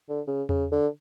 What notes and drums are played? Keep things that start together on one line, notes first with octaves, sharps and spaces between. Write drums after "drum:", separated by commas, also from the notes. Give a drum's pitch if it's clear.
D3
C#3
C#3, drum: tom E2
D3